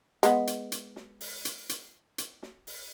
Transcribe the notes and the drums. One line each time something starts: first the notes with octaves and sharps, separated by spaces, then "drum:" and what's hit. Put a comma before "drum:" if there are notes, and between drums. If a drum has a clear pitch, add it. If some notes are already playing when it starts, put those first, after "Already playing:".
G#3 B3, drum: hi-hat
drum: hi-hat
drum: hi-hat
drum: snare
drum: open hi-hat
drum: hi-hat
drum: hi-hat
drum: hi-hat
drum: snare
drum: open hi-hat